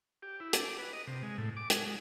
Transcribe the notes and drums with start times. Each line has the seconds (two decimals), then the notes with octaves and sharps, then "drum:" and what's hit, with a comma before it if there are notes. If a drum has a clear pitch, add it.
0.22 G4
0.40 E4
0.53 D4, drum: hi-hat
0.65 D6
0.78 B4
0.93 D#5
1.07 C3
1.23 G#3
1.38 A2
1.57 D6
1.70 G#3, drum: hi-hat
1.86 G#3